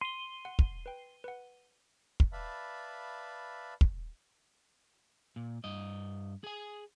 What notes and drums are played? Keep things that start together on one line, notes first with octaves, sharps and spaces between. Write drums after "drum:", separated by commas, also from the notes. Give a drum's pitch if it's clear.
C6 D#7 G7
F#5
drum: kick
B4 G5
B4 F#5
drum: kick
B4 D5 E5 F5 A5 B5
drum: kick
A#2
G2 D#5
G#4 G#5